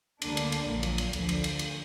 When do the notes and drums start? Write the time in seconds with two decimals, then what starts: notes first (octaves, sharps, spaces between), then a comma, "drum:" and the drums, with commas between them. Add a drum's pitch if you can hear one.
0.22 D2 D3 G3 A#3 D4, drum: cymbal
0.37 drum: cymbal
0.52 drum: cymbal
0.68 A#1 A#2 F#3
0.83 drum: cymbal
0.98 drum: cymbal
1.13 D2 D3 F3, drum: cymbal
1.29 drum: cymbal
1.44 drum: cymbal
1.59 drum: cymbal